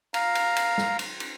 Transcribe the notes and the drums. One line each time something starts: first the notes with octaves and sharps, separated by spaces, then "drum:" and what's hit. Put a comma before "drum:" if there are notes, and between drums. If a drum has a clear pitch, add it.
F5 A#5, drum: cymbal
drum: cymbal
drum: cymbal
drum: snare
drum: cymbal
drum: cymbal